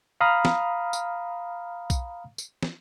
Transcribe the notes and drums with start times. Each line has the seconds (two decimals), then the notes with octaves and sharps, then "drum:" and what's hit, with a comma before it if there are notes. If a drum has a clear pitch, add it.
0.21 F5 A#5 B5 D#6 F6
0.45 drum: snare
0.93 drum: tambourine
1.90 drum: kick B1, tambourine
2.38 drum: tambourine
2.63 drum: snare